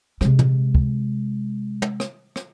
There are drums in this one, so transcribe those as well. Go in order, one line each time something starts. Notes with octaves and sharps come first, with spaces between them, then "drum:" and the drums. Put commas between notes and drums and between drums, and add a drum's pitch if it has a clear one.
C3 G#3, drum: rim click
drum: tom
drum: kick
drum: tom
drum: rim click
drum: rim click